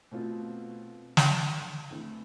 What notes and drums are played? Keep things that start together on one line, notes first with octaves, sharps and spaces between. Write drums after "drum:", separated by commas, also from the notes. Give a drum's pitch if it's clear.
B2 A3 C4 F4
drum: snare
E2 D3 A3 C4 E4